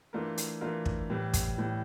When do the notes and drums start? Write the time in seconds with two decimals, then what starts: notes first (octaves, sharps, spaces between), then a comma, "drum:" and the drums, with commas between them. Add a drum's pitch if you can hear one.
0.13 E3 A3 D4 F4 A#4
0.37 drum: hi-hat
0.61 E3 A3 D4 F4 A#4
0.85 drum: kick
1.10 A2 E3 G3
1.33 drum: kick, hi-hat
1.57 A2 E3 G3